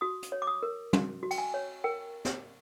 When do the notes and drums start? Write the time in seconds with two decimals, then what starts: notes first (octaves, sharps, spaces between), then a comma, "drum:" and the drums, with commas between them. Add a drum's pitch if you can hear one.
0.01 F#4 D#6
0.22 drum: hi-hat
0.32 C#5
0.42 D6
0.47 D#6
0.63 A#4
0.93 F#4, drum: tom
1.23 F#4
1.31 G5, drum: cymbal
1.38 G#5
1.54 C#5
1.84 A#4 G5
2.25 drum: snare